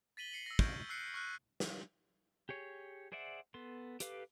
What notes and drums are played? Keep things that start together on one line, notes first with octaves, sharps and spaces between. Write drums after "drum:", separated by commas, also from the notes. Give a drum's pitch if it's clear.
A6 B6 D#7 F#7 G7
C7 C#7 D#7 F#7
E6 A#6
C#6 F6 G6 G#6 A#6 D7, drum: kick
E6 F#6 C7 C#7
C#6 F6 F#6 F#7
drum: snare
G4 G#4 C#5
G#4 C5 D5 E5 F#5
B3 A4 C6
G4 A4 B4 F5 D6, drum: hi-hat